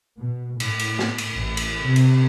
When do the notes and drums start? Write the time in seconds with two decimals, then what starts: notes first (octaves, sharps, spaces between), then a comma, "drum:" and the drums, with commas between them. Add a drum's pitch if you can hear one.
0.19 B2
0.60 A2, drum: cymbal
0.79 drum: cymbal
0.99 drum: snare
1.18 drum: cymbal
1.32 A1
1.57 drum: cymbal
1.85 C3
1.96 drum: cymbal